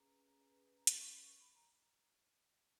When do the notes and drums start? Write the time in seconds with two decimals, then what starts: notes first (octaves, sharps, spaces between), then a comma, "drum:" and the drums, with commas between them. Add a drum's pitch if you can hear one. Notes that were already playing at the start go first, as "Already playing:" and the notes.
Already playing: C#4 G#4 B4 A#5
0.75 A#5
0.87 B5, drum: hi-hat
0.99 C#6
1.11 B5
1.23 C#6
1.39 B5
1.55 A#5